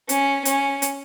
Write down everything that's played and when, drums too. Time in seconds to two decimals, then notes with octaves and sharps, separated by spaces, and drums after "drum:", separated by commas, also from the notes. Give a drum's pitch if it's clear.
0.09 C#4, drum: hi-hat
0.45 C#4, drum: hi-hat
0.82 drum: hi-hat